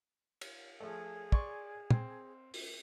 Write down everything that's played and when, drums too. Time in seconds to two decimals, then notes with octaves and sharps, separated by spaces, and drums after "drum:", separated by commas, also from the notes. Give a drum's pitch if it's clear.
0.41 drum: cymbal
0.80 F3 A3 G#4
1.32 D5 C6 C#6, drum: kick
1.90 C4, drum: tom
2.54 drum: open hi-hat